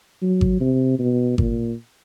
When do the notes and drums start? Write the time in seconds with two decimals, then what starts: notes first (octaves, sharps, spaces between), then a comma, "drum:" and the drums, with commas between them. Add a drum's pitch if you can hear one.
0.22 F#3
0.41 drum: kick G#1
0.61 C3
0.99 B2
1.38 A#2, drum: kick G#1